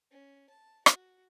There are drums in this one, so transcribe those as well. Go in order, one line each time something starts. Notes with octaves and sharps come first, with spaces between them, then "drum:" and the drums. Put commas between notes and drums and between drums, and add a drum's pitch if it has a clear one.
C#4
A5
F#4, drum: rim click